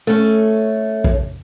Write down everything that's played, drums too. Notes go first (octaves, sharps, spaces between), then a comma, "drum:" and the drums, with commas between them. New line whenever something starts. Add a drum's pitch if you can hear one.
A3 C#4
drum: kick